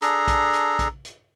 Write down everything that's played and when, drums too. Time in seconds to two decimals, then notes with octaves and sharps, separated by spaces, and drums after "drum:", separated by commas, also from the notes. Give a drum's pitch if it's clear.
0.02 D4 G#4 A4 A#5, drum: hi-hat
0.28 drum: kick A#1, hi-hat
0.53 drum: hi-hat
0.79 drum: kick A#1, hi-hat
1.05 drum: hi-hat